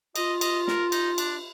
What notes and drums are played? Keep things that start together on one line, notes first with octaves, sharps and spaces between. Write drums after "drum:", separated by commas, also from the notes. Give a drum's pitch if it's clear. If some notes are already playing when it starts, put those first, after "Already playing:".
F4 D#5, drum: cymbal
D#5, drum: cymbal
A#4, drum: snare
D#4, drum: cymbal
D4, drum: cymbal